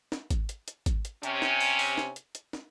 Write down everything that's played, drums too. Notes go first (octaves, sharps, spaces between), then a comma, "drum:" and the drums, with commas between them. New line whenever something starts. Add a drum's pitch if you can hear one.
drum: snare
drum: kick G#1, hi-hat
drum: hi-hat
drum: hi-hat
drum: kick G#1, hi-hat
drum: hi-hat
C3 C#4, drum: hi-hat
drum: snare
drum: open hi-hat
drum: open hi-hat
drum: snare
drum: hi-hat
drum: hi-hat
drum: snare